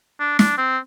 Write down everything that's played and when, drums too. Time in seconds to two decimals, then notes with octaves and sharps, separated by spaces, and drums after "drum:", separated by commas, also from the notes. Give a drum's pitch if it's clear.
0.20 D4
0.39 D4, drum: snare
0.58 C4